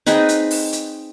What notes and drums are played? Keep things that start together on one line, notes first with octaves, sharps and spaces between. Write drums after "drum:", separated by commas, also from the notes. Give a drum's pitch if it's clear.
C4 D#4 G#4 B4, drum: hi-hat
drum: hi-hat
drum: open hi-hat
drum: hi-hat